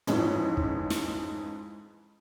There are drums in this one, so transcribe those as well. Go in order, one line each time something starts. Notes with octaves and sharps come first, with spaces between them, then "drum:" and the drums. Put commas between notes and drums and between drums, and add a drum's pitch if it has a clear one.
F2 G#2 E3 F3 G#3 C#4, drum: tom
drum: kick
drum: snare